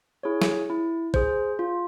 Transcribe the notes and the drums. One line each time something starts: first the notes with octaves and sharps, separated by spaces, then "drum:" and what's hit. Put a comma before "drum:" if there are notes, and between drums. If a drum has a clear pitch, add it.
E4 G#4 C#5
drum: snare
E4
G#4 C5, drum: kick
F4